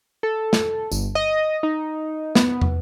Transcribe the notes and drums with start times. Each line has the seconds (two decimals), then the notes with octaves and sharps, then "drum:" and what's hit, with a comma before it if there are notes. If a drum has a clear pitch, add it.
0.23 A4
0.53 drum: snare
0.92 G1, drum: tambourine
1.15 D#5
1.63 D#4
2.35 B3, drum: snare
2.62 drum: tom